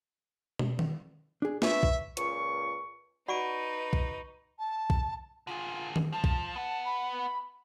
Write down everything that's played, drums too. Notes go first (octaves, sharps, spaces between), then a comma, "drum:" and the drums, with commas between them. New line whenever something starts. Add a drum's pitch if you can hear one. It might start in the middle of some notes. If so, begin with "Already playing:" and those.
drum: tom
drum: tom D#3
D4 G#4
D4 B4 C#5 E5, drum: snare
drum: kick
C#2 A#2 C#6, drum: hi-hat
D#4 F#4 B4 D5 F#5 B5 C#6 D7
drum: kick
A5
drum: kick
D3 F4 G#4
drum: tom D#3
F3 A5
drum: kick
B3 F#5
B5